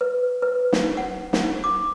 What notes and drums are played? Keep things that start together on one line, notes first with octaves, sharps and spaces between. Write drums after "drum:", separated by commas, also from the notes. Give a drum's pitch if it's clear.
B4
B4
drum: snare
F#5
drum: snare
D6